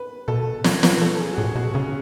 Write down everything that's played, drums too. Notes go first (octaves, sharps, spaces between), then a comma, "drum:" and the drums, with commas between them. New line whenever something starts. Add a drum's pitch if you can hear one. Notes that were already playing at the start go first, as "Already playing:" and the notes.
Already playing: B4
B2 A4
C#5, drum: snare
B4, drum: snare
A4
G#4
F#4
A2 G#4
B2 F#4
C#3 C#4